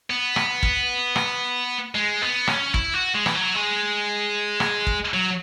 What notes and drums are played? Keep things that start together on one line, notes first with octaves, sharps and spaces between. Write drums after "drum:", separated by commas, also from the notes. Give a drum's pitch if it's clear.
B3
drum: rim click
drum: kick
drum: rim click
G#3
B3
C#4, drum: rim click
E4, drum: kick
F#4
G#3
E3, drum: rim click
F#3
G#3
drum: rim click
drum: kick
F#3